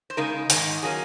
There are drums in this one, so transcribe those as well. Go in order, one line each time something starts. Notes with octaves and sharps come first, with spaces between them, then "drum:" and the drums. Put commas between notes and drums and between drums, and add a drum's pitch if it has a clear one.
C5
C#3 G#3 D#4 A#4
G#2 D#3 G#3 D#4, drum: hi-hat
F#3 A#3 C#4 G#4